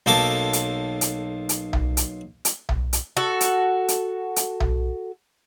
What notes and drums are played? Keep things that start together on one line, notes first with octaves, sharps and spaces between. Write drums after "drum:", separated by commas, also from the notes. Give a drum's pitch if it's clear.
B1 A#3 A4 D6
drum: hi-hat
drum: hi-hat
drum: hi-hat
drum: tom B1
drum: hi-hat
drum: hi-hat
drum: tom B1
drum: hi-hat
F#4 A4
drum: hi-hat
drum: hi-hat
drum: hi-hat
drum: tom B1